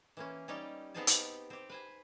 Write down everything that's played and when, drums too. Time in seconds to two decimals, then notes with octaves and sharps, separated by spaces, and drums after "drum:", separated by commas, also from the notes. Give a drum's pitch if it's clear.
0.17 E3 A#3 C#4
0.48 G3 C#4 D#4 G4
0.94 B3 C4 D#4 G#4 G#5 A5
1.07 G4, drum: hi-hat
1.50 C4 G4
1.69 B4 C5 G#5